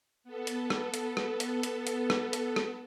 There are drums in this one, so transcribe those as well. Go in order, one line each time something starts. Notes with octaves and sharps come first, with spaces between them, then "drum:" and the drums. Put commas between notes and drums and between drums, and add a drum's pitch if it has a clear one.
B3 A4
drum: hi-hat
drum: rim click
drum: hi-hat
drum: rim click
drum: hi-hat
drum: hi-hat
drum: hi-hat
drum: rim click
drum: hi-hat
drum: rim click